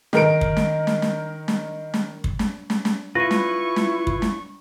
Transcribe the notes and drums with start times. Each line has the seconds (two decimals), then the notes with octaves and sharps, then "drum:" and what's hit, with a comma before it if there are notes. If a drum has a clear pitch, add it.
0.13 D#3 A#4 D7, drum: snare
0.41 drum: kick
0.57 drum: snare
0.87 drum: snare
1.02 drum: snare
1.48 drum: snare
1.94 drum: snare
2.24 drum: kick
2.39 drum: snare
2.70 drum: snare
2.85 drum: snare
3.15 E4 F4 B4 C#6 A#6 D#7
3.31 drum: snare
3.76 drum: snare
4.07 drum: kick
4.22 drum: snare